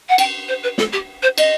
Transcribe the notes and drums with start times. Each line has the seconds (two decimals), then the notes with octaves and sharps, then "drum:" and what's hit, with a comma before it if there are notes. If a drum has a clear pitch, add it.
0.09 F#5
0.18 G5, drum: cymbal
0.48 C5
0.63 B4
0.78 A4, drum: snare
0.92 G4
1.23 C5
1.38 D#5, drum: cymbal